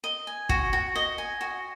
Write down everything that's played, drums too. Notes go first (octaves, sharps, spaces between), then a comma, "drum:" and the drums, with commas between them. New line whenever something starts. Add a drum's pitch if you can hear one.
D#5
G#5
F#4, drum: kick
F#4
D#5
G#5
F#4